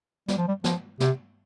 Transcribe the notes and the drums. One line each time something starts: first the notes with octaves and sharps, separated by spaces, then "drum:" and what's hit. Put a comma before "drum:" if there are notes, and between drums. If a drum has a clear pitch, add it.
G3, drum: snare
F3
G3
F3, drum: snare
C3, drum: snare